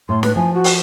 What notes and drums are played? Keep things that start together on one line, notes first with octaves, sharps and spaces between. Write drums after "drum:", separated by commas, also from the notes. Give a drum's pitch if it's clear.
A2 C6
B4, drum: snare
F3 G#5
F#4
drum: open hi-hat